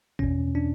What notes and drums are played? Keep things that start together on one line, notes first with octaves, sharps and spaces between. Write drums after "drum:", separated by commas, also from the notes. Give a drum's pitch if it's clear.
E2 B2 C#4, drum: kick G#1
D4